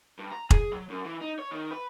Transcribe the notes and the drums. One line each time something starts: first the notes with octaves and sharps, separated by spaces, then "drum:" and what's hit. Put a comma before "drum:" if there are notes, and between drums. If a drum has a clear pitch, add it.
G2
A#5
G#4, drum: kick F1
F#3
F#2
E3
D#4
C#5
D#3
B4